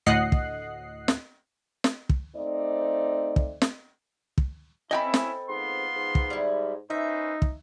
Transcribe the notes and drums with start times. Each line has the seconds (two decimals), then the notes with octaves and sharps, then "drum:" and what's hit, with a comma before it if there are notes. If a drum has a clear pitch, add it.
0.06 D2 A2 D#5 F#5 F#6 C7
0.32 drum: kick
1.08 drum: snare
1.84 drum: snare
2.09 drum: kick
2.35 A3 C4 D#4 C5 D5
3.36 drum: kick
3.62 drum: snare
4.38 drum: kick
4.91 C4 C#4 E4 A4 D#5 G5 G#5 B5
5.14 drum: snare
5.49 G#2 B3 F4 C6
5.96 G#2
6.15 drum: kick
6.30 G3 E4
6.90 C#4 D#4 B4 C5 E5
7.42 drum: kick